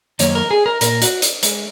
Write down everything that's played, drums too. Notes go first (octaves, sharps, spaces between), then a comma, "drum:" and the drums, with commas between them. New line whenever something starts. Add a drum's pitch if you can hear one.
F#2 D#3 A#3 C#5, drum: hi-hat
A#4
G#4
A#4
A#2 A#3 A#4, drum: hi-hat
F#4, drum: hi-hat
drum: hi-hat
G#3, drum: hi-hat